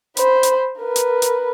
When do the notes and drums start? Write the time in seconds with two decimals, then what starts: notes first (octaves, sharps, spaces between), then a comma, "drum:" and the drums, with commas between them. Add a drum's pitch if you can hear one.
0.17 C5 B5, drum: hi-hat
0.43 drum: hi-hat
0.80 A#4 B4
0.96 drum: hi-hat
1.22 drum: hi-hat